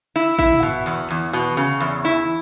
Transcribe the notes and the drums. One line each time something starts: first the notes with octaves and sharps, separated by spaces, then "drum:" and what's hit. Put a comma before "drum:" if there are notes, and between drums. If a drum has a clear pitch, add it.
E4
E4, drum: kick G#1
drum: tom
B2
E2, drum: cymbal
E2
B2
C#3
E2
E4